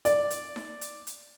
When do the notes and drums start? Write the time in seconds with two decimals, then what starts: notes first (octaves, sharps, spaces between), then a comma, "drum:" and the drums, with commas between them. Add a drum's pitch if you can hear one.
0.05 D5, drum: hi-hat
0.30 drum: hi-hat
0.56 drum: snare D#4
0.81 drum: hi-hat
1.07 drum: hi-hat